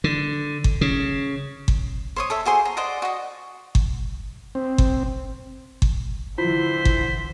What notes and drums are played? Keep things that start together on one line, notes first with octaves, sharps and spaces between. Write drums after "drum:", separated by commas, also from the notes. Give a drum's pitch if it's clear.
D3
drum: kick G1
C#3
drum: kick G1
C5 C#5 D#6
A4 C#5 E5
F#4 G#4 C5 C6
A#5
C5 D5 D#5 F#5
F#4 D#5
drum: kick G1
C4
drum: kick G1
drum: kick G1
D3 E3 E4 F4 C5 B6
drum: kick G1